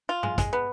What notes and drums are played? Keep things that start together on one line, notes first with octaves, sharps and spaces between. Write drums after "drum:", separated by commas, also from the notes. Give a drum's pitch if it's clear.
F4
G#3, drum: tom G#2
G#3, drum: kick, hi-hat
B3